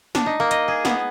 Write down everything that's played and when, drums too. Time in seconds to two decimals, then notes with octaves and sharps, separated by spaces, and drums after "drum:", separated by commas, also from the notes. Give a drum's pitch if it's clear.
0.15 D4, drum: snare
0.26 D#4
0.40 A#3
0.51 D#5, drum: hi-hat
0.68 G#4
0.85 B3, drum: snare